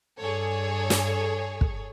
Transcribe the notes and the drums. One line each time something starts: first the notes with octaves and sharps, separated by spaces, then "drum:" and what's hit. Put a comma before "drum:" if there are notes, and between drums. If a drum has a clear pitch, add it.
G2 G#4 A4 C#5
drum: snare
drum: kick